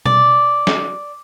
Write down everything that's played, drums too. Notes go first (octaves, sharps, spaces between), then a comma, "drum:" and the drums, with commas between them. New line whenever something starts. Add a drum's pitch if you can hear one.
D5, drum: tom B2
drum: snare